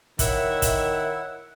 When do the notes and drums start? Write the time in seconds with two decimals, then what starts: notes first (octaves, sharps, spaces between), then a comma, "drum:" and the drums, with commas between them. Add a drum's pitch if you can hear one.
0.19 D#3 E4 A#4 C#5 E5 F#5, drum: kick, hi-hat
0.62 drum: kick, hi-hat